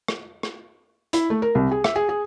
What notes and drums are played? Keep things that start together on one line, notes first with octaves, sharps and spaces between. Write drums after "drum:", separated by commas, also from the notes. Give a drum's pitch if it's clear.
drum: rim click
drum: rim click
E4, drum: hi-hat
A3
A#4
C2
G#4
E5, drum: rim click
G#4
G#4